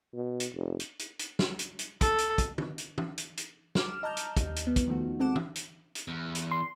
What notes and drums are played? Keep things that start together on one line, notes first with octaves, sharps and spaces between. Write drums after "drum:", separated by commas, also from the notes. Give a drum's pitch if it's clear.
B2
drum: hi-hat
F1
drum: hi-hat
drum: hi-hat
drum: hi-hat
drum: snare
drum: hi-hat
drum: hi-hat
A4, drum: kick, hi-hat
drum: hi-hat
drum: kick, hi-hat
drum: tom
drum: hi-hat
drum: tom
drum: hi-hat
drum: hi-hat
D6 F6 E7, drum: snare
D#5 A5 A#5 F6 G6
drum: hi-hat
D#2 G3, drum: kick, hi-hat
drum: hi-hat
B3
drum: kick, hi-hat
D#3 F3 A3 F#4
G#3 C4 A4 F#5 D6 E7
drum: tom
drum: hi-hat
drum: hi-hat
E2
drum: hi-hat
C6